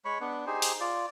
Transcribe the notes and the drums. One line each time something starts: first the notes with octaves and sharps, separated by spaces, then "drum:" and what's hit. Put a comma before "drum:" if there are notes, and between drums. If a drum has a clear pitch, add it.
G#3 C#5 B5 C#6
B3 D4
D#4 G4 G#4 C5
drum: open hi-hat
F4 D5